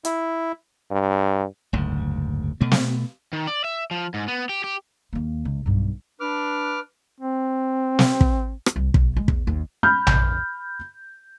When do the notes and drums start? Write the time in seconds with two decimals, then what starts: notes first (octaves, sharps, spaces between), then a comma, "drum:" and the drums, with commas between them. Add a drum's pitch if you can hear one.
0.05 E4, drum: hi-hat
0.91 G2
1.73 F#1 D2 G#2
2.61 B2 A3
2.71 drum: snare
3.33 D#3
3.47 D5
3.64 E5
3.91 F3
4.14 G#2
4.28 B3
4.49 G4
4.64 G4
5.13 D#2 A#3
5.45 C#2
5.66 B1 G2
6.20 D4 B4 D6 F6
7.21 C4
7.99 drum: snare
8.21 drum: kick
8.66 drum: rim click
8.76 C2
8.94 B1, drum: kick
9.16 G#3
9.28 E2, drum: kick
9.47 D#2
9.83 B5 F6 G6
10.07 drum: tom A#1